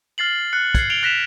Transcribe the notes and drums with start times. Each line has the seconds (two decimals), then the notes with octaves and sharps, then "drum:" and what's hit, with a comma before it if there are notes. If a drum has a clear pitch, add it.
0.18 F6 A6 C7 F#7
0.53 F#6 C#7
0.75 G#6 C7, drum: kick, hi-hat
0.90 D7 F7 G7
1.03 F#6 A#6 B6 E7 F7